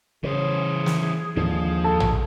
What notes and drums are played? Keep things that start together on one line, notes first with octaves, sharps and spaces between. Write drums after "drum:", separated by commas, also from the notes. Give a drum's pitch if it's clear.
C#3 E3 G#4 C5
drum: snare
D#2 G#2 D3 F3
A4
drum: tom